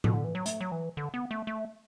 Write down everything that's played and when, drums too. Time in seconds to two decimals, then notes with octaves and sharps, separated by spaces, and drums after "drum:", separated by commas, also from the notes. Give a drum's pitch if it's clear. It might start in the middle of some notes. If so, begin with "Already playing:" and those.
0.04 B2, drum: tom A2
0.14 D3
0.24 E3
0.35 F#3
0.46 A3, drum: hi-hat
0.61 F#3
0.72 E3
0.97 D3
1.14 B3
1.31 A3
1.47 A3